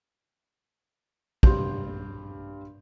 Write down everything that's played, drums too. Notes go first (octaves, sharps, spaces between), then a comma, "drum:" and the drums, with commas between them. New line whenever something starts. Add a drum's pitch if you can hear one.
G2 C6 G6, drum: kick